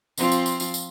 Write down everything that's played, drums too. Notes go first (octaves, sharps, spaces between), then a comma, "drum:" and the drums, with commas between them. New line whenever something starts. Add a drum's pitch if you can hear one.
F3 C4 F4, drum: tambourine
drum: tambourine
drum: tambourine
drum: tambourine
drum: tambourine